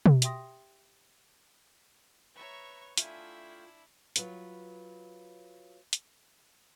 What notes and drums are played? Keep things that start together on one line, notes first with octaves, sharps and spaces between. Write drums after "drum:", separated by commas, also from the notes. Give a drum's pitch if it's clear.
drum: tom
G4 E5 G5 C6 D#6 A#6, drum: hi-hat
B4 C#5 E5 A#5 C#6
A3 D4 E4 F4 E5 F5 G5 G#5, drum: hi-hat
F#3 F4 B4, drum: hi-hat
drum: hi-hat